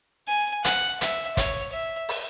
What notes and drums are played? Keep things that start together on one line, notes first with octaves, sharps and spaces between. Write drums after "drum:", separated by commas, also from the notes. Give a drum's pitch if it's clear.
G#5
F#5, drum: hi-hat
E5, drum: hi-hat
C#5, drum: kick, hi-hat
E5
drum: open hi-hat